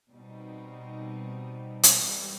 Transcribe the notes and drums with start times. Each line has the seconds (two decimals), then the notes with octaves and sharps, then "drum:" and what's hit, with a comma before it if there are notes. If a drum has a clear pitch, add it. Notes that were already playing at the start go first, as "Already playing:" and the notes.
0.11 B2 G3 C4 D#4
1.83 drum: hi-hat
2.06 G#2 E3 G3